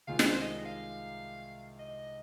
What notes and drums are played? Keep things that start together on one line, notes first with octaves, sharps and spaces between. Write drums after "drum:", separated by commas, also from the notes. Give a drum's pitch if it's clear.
C2 C3 D#3 G#3 F4 F5
D#5, drum: snare
C5
D#5
F5
D#5